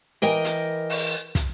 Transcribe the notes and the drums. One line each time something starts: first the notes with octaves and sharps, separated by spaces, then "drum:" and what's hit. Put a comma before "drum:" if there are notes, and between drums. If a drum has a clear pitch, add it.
E3 A#4 D#5 G5
drum: hi-hat
drum: open hi-hat
drum: kick, hi-hat